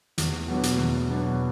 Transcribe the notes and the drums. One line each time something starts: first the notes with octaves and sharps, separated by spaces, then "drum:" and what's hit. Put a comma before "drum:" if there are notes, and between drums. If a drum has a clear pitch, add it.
E2, drum: hi-hat
B2 F#3 B3 D4
drum: hi-hat
E2
B2 F#3 B3 D4